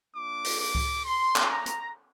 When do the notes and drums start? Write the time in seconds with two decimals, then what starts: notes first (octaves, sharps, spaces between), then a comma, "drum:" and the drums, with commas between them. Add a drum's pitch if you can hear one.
0.14 A#3 D4 F4 D6
0.44 drum: open hi-hat
0.59 D6
0.75 drum: kick C#2
1.05 C6
1.36 drum: clap
1.50 A#5
1.66 drum: hi-hat